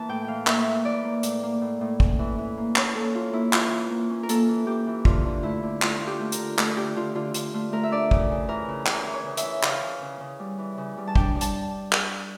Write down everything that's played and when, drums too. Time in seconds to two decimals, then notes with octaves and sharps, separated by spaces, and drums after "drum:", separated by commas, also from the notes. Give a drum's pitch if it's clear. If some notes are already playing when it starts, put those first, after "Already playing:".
Already playing: E3 A#3 A5
0.09 A2 G5
0.25 E3 F5 G5
0.47 A#3 E5, drum: clap
0.67 A#3
0.85 E3 D5
1.04 A#3
1.23 A2, drum: hi-hat
1.43 A#3
1.62 A2
1.81 A2
2.00 C#4, drum: kick
2.19 E3
2.38 E3
2.57 A#3
2.76 C#4 C#5, drum: clap
2.95 A#3 A4
3.14 E3 F4
3.33 A#3 E4
3.53 E3 F4, drum: clap
3.71 E3
3.90 A#3
4.10 C#4
4.23 A#4
4.29 A#3 A4, drum: hi-hat
4.49 E3
4.67 A#3 G4
4.87 E3
5.05 D3 F4, drum: kick
5.25 D3
5.43 A3 E4
5.63 D3
5.82 A3 F4, drum: clap
6.01 A3 F4
6.07 G4
6.21 A3
6.32 A#4, drum: hi-hat
6.38 D3
6.58 A3 A4, drum: clap
6.77 D3 G4
6.96 D3 F4
7.15 D3 F4
7.34 D3, drum: hi-hat
7.54 A3 F4
7.72 A3 A#4
7.83 E5
7.92 D4 D5
8.11 C#3, drum: kick
8.30 C#3
8.48 E3 A#4
8.69 C#3
8.86 E3 A#4, drum: clap
9.06 E3
9.13 C#5
9.26 C#3
9.37 E5, drum: hi-hat
9.45 E3
9.63 C#3 F5, drum: clap
9.82 E3
10.02 C#3
10.20 C#3
10.40 G3
10.58 E3
10.78 C#3
10.98 G3
11.07 A5
11.16 D4 G5, drum: kick
11.36 G3
11.41 A5, drum: hi-hat
11.92 drum: clap